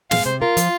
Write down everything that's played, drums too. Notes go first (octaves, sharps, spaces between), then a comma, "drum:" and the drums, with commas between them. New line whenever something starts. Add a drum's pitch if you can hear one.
G#3 F5, drum: snare
C3 C5
F4 A#4
F3, drum: hi-hat